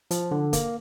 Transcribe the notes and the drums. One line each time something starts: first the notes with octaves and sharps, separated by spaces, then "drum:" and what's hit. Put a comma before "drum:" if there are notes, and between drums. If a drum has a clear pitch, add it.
F3, drum: hi-hat
D3
A#3, drum: kick, hi-hat